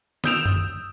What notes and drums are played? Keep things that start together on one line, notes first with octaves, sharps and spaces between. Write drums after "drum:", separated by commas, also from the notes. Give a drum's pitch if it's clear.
D#6 E6 G6 D7 E7 F7, drum: snare
drum: tom F#2